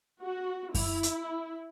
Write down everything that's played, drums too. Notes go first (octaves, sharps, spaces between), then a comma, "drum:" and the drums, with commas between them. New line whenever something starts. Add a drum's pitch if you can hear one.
F#4
E4, drum: kick F#2, open hi-hat
drum: hi-hat